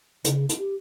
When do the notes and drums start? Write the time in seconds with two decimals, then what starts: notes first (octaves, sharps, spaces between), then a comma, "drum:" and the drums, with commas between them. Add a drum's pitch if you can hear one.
0.24 C#3, drum: hi-hat
0.49 drum: hi-hat
0.59 G4